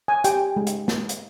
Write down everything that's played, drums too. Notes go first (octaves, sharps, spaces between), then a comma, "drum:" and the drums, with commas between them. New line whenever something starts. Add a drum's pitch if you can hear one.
G#5
G4 G5, drum: hi-hat
G#3
drum: hi-hat
drum: snare
drum: hi-hat